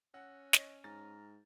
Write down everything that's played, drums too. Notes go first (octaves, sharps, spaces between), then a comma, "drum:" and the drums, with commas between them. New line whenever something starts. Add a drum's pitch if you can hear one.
C#4 F#5 E6 F#6 A#6
C#5 D#5, drum: snare
G#2 A#5 F6 A6 A#6